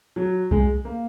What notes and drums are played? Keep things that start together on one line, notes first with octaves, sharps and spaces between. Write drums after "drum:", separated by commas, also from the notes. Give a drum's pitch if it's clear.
F#3
G#3, drum: kick C2
A#3